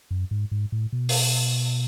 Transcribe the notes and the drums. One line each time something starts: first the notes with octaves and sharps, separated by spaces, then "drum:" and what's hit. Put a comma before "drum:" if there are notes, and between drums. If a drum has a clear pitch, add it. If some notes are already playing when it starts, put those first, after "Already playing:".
F#2
G#2
G#2
A2
B2
drum: open hi-hat